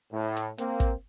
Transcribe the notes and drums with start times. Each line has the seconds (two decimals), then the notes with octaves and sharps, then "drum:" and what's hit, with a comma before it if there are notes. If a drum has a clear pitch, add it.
0.12 A2
0.37 drum: hi-hat
0.58 A#3 C4, drum: hi-hat
0.80 drum: kick, hi-hat